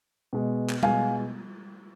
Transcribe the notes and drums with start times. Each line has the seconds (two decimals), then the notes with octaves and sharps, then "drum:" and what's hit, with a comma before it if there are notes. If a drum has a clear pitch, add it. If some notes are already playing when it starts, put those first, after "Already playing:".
0.33 B2 G#3
0.70 drum: clap
0.83 B2 G#3 F5 G#5, drum: tom G3